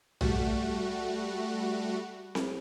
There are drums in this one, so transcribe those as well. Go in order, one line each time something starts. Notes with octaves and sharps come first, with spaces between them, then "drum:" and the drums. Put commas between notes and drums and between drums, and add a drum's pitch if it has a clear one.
G3 A3 F#4, drum: tom B1
drum: snare C4